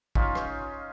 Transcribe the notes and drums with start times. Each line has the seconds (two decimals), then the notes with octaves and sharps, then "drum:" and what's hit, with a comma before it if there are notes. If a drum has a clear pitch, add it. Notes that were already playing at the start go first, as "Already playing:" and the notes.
0.15 C#4 D#4 F4, drum: kick
0.35 drum: rim click